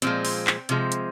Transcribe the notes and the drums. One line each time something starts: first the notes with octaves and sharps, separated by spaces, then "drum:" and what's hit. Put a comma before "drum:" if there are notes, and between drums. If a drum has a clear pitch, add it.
A#2 F3 G#3 C4, drum: hi-hat
drum: open hi-hat
drum: clap
C3 F3 G#3, drum: hi-hat
drum: hi-hat